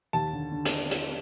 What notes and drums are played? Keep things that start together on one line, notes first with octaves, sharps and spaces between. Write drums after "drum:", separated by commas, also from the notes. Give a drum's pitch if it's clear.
D#2 A5
D3
D3
drum: hi-hat
drum: hi-hat